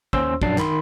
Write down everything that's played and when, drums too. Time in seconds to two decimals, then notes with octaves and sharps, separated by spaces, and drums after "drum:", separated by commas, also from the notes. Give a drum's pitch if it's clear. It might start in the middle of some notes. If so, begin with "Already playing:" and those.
0.13 D#2 C#4 C5 C6 E6, drum: kick
0.42 A#1 F#2 F#3 D4 A6 C7, drum: kick
0.58 D#3 B5 C6, drum: clap